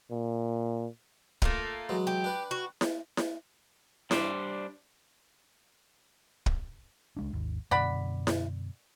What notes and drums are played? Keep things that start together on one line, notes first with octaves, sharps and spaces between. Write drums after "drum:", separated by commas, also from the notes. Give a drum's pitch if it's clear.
A#2
A3 A#3 F4, drum: kick
E3 F#3 G#3
G4
D4 B4 D5
F#4
drum: snare E4
drum: snare E4
G3 D4 C5, drum: snare E4
drum: kick
C#2 G#3 D4
G#1 D#2
F#2 B2 D3 D5 F#5 B5
drum: snare E4